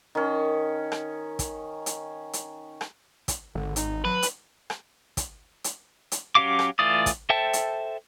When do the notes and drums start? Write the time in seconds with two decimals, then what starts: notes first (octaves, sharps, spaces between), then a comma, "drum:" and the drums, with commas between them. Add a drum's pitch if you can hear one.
0.15 D#3 C#4
0.92 drum: rim click
1.39 drum: kick, hi-hat
1.86 drum: hi-hat
2.33 drum: hi-hat
2.81 drum: rim click
3.28 drum: kick, hi-hat
3.55 G#1 D3
3.76 D#4, drum: hi-hat
4.05 F#3 B4
4.22 drum: hi-hat
4.70 drum: rim click
5.17 drum: kick, hi-hat
5.64 drum: hi-hat
6.12 drum: hi-hat
6.35 F#3 C#4 G4 F5 D6
6.59 drum: rim click
6.79 E3 A3 F4 D5 D#6
7.06 drum: kick, hi-hat
7.30 A4 C5 E5 G5 A5
7.53 drum: hi-hat